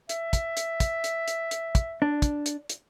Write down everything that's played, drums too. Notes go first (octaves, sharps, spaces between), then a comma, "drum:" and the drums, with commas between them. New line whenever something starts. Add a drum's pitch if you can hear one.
E5, drum: hi-hat
drum: kick, hi-hat
drum: hi-hat
drum: kick, hi-hat
drum: hi-hat
drum: hi-hat
drum: hi-hat
drum: kick, hi-hat
D4
drum: kick, hi-hat
drum: hi-hat
drum: hi-hat